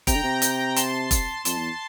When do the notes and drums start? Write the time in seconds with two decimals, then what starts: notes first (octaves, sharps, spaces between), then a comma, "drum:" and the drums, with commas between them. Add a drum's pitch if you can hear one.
0.07 C3 G5 A#5, drum: kick F1, hi-hat
0.15 D3
0.24 C3
0.42 drum: hi-hat
0.76 A5 C6, drum: hi-hat
1.11 drum: kick F1, hi-hat
1.45 F2 A5 C6, drum: hi-hat
1.57 E2